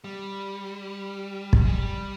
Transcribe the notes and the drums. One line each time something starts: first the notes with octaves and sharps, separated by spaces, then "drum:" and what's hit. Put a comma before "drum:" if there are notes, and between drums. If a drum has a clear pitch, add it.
G3
drum: kick
G#3
G3